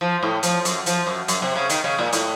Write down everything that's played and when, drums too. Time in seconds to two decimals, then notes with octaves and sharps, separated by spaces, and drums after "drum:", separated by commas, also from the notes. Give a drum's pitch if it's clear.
0.01 F3
0.23 A2
0.43 F3, drum: hi-hat
0.65 F#2, drum: hi-hat
0.86 F3, drum: hi-hat
1.07 F#2
1.28 F#2, drum: hi-hat
1.42 C3
1.56 C#3
1.70 D#3, drum: hi-hat
1.84 C#3
1.99 A#2
2.13 A2, drum: hi-hat